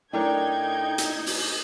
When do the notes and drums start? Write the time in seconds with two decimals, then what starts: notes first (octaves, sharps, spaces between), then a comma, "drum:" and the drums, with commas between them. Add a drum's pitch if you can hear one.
0.13 A2 D4 D#4 A#4 C#5 G5 G6 G#6
0.98 drum: hi-hat
1.26 drum: open hi-hat